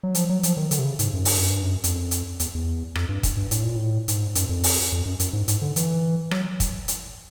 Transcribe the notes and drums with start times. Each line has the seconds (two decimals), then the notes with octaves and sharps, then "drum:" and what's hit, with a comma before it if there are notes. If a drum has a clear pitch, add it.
0.03 F#3
0.15 F3, drum: hi-hat
0.29 F#3
0.43 F3, drum: hi-hat
0.57 D#3
0.71 D3, drum: hi-hat
0.79 C3
0.85 C#3
0.99 G#2, drum: hi-hat
1.13 F#2
1.25 G2, drum: open hi-hat
1.37 F#2
1.50 G2
1.62 F#2
1.84 F2, drum: hi-hat
2.11 drum: hi-hat
2.40 E2, drum: hi-hat
2.55 E2
2.95 F2, drum: rim click
3.09 G2
3.23 drum: kick, hi-hat
3.37 G2
3.51 A2, drum: hi-hat
3.64 A#2
3.76 A2
4.08 G#2, drum: hi-hat
4.35 F#2, drum: hi-hat
4.49 F2
4.64 drum: open hi-hat
4.92 F2
5.05 F#2
5.20 F#2, drum: hi-hat
5.33 G#2
5.48 G#2, drum: hi-hat
5.62 D3
5.76 E3, drum: hi-hat
6.31 F#3, drum: rim click
6.60 drum: kick, hi-hat
6.88 drum: hi-hat